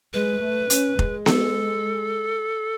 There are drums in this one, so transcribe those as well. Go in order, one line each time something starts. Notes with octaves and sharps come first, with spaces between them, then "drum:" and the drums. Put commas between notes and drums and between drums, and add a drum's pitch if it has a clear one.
G#3 B4
A3
C#4, drum: hi-hat
G#3, drum: kick F1
A4, drum: snare B3